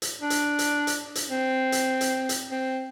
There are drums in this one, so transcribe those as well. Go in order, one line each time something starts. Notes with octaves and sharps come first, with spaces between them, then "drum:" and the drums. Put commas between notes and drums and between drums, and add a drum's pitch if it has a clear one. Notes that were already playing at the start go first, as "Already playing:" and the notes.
drum: hi-hat
D4
drum: hi-hat
drum: hi-hat
drum: hi-hat
drum: hi-hat
C4
drum: hi-hat
drum: hi-hat
drum: hi-hat
C4